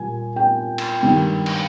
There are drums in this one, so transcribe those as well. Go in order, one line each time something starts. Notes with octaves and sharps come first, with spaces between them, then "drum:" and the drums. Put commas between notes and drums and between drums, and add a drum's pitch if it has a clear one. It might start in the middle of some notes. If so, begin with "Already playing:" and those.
Already playing: A#2 G3 G#5
G5
drum: cymbal
G2 D#3 G3 G5
drum: cymbal